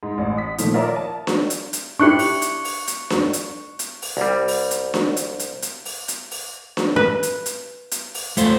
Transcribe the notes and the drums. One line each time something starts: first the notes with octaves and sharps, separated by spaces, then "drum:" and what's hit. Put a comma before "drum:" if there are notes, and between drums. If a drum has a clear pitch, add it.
G#2
A1
F#5 D#6 B6
A#2 D#3 F3 A3, drum: hi-hat
F4 A#4 C#5 D5 E5 A#5
A5
drum: snare D4
drum: hi-hat
drum: hi-hat
D4 E4 G4 C#6 F#6 C#7
drum: open hi-hat
drum: hi-hat
drum: open hi-hat
drum: hi-hat
drum: snare D4
drum: hi-hat
drum: hi-hat
drum: open hi-hat
C2 G3
drum: open hi-hat
drum: hi-hat
drum: snare D4
drum: hi-hat
drum: hi-hat
drum: hi-hat
drum: open hi-hat
drum: hi-hat
drum: open hi-hat
drum: snare D4
B4
drum: hi-hat
drum: hi-hat
drum: hi-hat
drum: open hi-hat
A3 F4 C5, drum: hi-hat